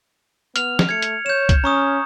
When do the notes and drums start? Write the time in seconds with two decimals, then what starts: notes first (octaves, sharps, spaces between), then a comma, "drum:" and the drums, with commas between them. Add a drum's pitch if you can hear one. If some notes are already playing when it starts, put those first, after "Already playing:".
0.56 B3 F6 F7, drum: hi-hat
0.79 drum: snare
0.89 A3 G#6 C#7
1.02 drum: hi-hat
1.26 C#5 G6 E7
1.49 drum: kick, hi-hat
1.64 C#4 A#5 C#6 D#6